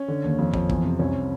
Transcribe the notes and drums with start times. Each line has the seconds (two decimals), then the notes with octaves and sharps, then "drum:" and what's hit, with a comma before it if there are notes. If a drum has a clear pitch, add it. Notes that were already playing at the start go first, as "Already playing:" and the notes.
Already playing: C#4
0.08 D3
0.24 D#2
0.39 F2
0.54 F2, drum: kick
0.70 E2, drum: kick
0.85 C3
0.99 C2 C#4